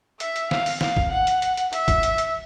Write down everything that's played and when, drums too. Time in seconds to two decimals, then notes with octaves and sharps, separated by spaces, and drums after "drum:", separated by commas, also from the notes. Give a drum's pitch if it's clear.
0.20 E5, drum: hi-hat
0.36 drum: hi-hat
0.51 F5, drum: snare
0.66 drum: open hi-hat
0.81 F5, drum: snare
0.97 drum: kick
1.11 F#5
1.27 drum: hi-hat
1.42 drum: hi-hat
1.57 drum: hi-hat
1.73 E5, drum: hi-hat
1.88 drum: kick, hi-hat
2.03 drum: hi-hat
2.18 drum: hi-hat